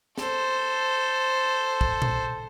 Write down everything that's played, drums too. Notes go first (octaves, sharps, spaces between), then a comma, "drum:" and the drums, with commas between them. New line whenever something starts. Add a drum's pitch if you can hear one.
A4 C5, drum: snare
drum: kick
drum: tom A#2